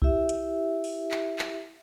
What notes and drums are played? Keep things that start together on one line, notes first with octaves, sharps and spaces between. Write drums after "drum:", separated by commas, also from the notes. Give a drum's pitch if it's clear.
E4 G4 E5, drum: kick C2
drum: hi-hat
drum: open hi-hat
drum: clap
drum: clap